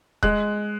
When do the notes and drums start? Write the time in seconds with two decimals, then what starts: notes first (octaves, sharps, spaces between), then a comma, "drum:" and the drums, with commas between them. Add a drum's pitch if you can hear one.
0.23 G#3 F#6, drum: kick D#1